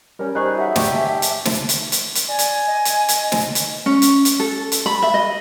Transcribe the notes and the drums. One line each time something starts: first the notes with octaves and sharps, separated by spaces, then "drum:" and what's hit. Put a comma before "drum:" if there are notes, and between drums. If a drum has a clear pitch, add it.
G3 C#4 A#4
G3 D#4 G#4 C5 C#6 F#6
F#4 C#5 E5 F#5
G#2 G4 D5 D#5 C#6, drum: snare
D#5 G#5 A5
drum: hi-hat
drum: snare
drum: hi-hat
drum: hi-hat
drum: hi-hat
D5 G#5
drum: hi-hat
D#5
drum: hi-hat
drum: hi-hat
drum: snare
drum: hi-hat
C#4
drum: hi-hat
drum: hi-hat
A4
drum: hi-hat
B5
E5
D#5